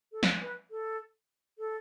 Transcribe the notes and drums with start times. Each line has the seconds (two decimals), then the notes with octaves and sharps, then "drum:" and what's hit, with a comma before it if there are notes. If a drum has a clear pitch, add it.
0.12 A4
0.23 drum: snare
0.42 B4
0.71 A4
1.58 A4